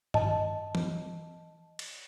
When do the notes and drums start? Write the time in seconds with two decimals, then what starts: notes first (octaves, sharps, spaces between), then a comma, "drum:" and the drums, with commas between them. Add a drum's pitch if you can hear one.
0.14 D#5 A5, drum: tom G2
0.75 drum: tom E3
1.79 drum: cymbal